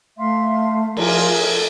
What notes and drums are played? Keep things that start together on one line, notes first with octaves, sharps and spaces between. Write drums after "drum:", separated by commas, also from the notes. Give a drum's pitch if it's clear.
A3 E5 F5 C6
F3 G#4 A#4 E5, drum: cymbal
A4